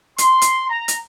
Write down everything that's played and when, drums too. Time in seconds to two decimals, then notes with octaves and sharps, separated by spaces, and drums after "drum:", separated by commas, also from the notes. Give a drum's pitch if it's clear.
0.18 C6, drum: hi-hat
0.42 drum: hi-hat
0.70 A#5
0.88 drum: hi-hat